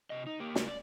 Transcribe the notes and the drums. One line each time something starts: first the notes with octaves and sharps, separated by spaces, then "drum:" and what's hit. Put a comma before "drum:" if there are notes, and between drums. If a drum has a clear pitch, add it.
C3 D#5
D#4
A#3 G4
C#3 G3 G#3 D#4 F#4 A#4, drum: snare
D5